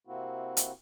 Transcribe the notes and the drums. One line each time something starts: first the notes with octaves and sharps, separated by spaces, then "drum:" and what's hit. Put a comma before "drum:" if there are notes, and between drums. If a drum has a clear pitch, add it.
C3 A#3 C4 E4 F#4
drum: hi-hat